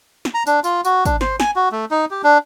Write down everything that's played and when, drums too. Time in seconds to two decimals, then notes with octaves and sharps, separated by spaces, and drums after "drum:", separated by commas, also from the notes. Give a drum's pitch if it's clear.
0.25 drum: snare
0.34 A#5
0.47 D4, drum: tambourine
0.64 F4, drum: tambourine
0.85 F#4, drum: tambourine
1.05 D4, drum: kick, tambourine
1.21 C5, drum: snare
1.40 G#5, drum: snare
1.56 F#4
1.72 A3
1.91 D#4
2.11 G4
2.24 D4